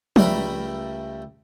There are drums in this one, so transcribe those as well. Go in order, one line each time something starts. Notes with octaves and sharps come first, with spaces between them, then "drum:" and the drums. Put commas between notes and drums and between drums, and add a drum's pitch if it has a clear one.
C#2 G3 A3 A#4 G5 B5, drum: tom F3